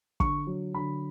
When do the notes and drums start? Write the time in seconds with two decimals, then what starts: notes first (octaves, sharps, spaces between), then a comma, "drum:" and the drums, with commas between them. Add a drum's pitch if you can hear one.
0.20 D3 C#6, drum: kick
0.47 F#3
0.74 D3 B5